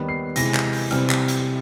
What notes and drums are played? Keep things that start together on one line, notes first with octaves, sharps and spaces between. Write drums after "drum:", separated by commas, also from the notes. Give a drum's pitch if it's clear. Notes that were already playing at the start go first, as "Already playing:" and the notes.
Already playing: D#2 D#3 G3 B3
C7
C3 E3 G#3 A#6, drum: hi-hat
drum: clap
drum: open hi-hat
C3 E3 G3 C4 F6, drum: hi-hat
drum: clap
drum: hi-hat